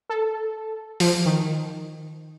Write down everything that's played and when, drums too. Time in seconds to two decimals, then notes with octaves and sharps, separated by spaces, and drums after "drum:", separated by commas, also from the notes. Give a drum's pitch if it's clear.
0.10 A4
1.00 F3, drum: open hi-hat
1.26 D#3